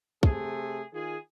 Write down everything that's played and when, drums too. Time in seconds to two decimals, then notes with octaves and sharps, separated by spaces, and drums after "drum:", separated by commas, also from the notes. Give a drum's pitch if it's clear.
0.23 C3 A3 G#4, drum: kick
0.93 D#3 F4 G#4